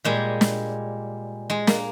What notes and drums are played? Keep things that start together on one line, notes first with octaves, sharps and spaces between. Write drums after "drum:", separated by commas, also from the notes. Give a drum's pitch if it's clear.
A#2 G3 G#3
drum: snare
G#3
A#3, drum: snare